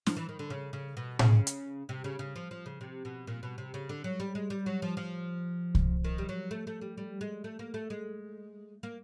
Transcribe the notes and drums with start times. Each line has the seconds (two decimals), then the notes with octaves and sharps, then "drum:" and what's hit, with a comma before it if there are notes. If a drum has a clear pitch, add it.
0.06 F3, drum: snare
0.17 E3
0.29 D#3
0.39 D3
0.50 C#3
0.73 C#3
0.97 B2
1.19 C#3, drum: tom A2
1.47 drum: hi-hat
1.89 C3
2.04 C#3
2.19 C#3
2.36 F3
2.51 F3
2.66 C#3
2.81 C3
3.05 B2
3.27 A#2
3.43 B2
3.58 C3
3.74 C#3
3.89 D3
4.04 F#3
4.20 G3
4.35 G#3
4.50 G3
4.66 F#3
4.82 F3
4.97 F3
5.75 drum: kick C2
6.04 D#3
6.18 G3
6.29 F#3
6.51 A3
6.67 A3
6.82 G3
6.98 G3
7.21 G#3
7.44 A3
7.59 A#3
7.74 A3
7.90 G#3
8.83 A#3